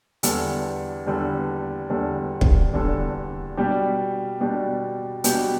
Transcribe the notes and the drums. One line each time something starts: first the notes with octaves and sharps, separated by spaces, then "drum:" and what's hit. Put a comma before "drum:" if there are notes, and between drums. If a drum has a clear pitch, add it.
E2 D3 G3 D4 A4, drum: hi-hat
E2 D3 G3 D4 A4
E2 D3 G3 D4 A4
drum: kick
E2 D3 G3 D4 A4
B2 G3 D4 G4
B2 G3 D4 G4
B2 G3 D4 G4, drum: hi-hat